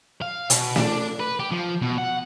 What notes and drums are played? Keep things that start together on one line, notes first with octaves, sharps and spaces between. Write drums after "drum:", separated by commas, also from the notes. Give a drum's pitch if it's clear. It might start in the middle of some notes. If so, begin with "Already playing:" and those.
F5
B2, drum: hi-hat
D4, drum: snare
B4
G4
F3
B2
F#5